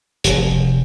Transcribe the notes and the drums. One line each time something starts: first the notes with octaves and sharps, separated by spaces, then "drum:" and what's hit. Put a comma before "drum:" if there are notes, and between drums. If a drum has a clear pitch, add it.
F1, drum: hi-hat